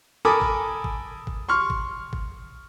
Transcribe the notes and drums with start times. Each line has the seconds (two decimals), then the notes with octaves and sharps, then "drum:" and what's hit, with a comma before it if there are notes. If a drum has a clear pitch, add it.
0.25 A4 A#4 G#5 B5 D6 D#6
0.41 drum: kick G#1
0.84 drum: kick G#1
1.27 drum: kick G#1
1.49 C6 C#6 F6
1.70 drum: kick G#1
2.13 drum: kick G#1